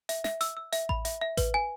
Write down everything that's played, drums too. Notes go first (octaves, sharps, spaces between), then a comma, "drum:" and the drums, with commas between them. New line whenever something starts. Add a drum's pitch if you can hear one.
E5, drum: hi-hat
E5, drum: snare
E6, drum: hi-hat
E6
E5, drum: hi-hat
B5, drum: kick A1
E5, drum: hi-hat
E5
B4, drum: kick A1, hi-hat
G#5